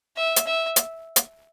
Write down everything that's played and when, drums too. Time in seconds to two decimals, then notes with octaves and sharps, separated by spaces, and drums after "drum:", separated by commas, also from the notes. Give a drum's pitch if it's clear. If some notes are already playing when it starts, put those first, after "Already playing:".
0.17 E5
0.36 drum: hi-hat
0.47 E5
0.76 drum: hi-hat
1.16 drum: hi-hat